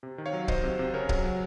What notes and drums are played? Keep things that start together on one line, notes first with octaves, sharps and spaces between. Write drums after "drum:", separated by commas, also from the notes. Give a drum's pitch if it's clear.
C3
D#3
C#5 F5
F#3
F#3 C5 D#5, drum: kick
C3
C3
C#3 A#4 C#5
F#3, drum: kick
F#3